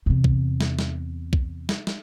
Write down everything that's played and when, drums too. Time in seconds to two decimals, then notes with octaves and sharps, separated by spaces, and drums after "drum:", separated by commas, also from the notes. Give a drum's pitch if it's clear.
0.06 E2 C3
0.24 drum: kick B1
0.61 drum: snare
0.79 drum: snare
1.33 drum: kick B1
1.69 drum: snare
1.87 drum: snare